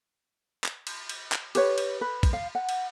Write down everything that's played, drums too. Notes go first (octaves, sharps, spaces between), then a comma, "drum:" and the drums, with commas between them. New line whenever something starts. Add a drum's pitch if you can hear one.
drum: clap
drum: cymbal
drum: cymbal
drum: clap
G4 B4 C#5, drum: cymbal
drum: cymbal
B4
drum: kick, cymbal
F5
F#5
drum: cymbal